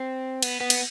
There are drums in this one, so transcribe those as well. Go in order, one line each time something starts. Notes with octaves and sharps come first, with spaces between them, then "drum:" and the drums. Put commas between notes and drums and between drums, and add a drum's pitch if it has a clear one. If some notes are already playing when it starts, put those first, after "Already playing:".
Already playing: C4
B3, drum: cymbal
B3
drum: cymbal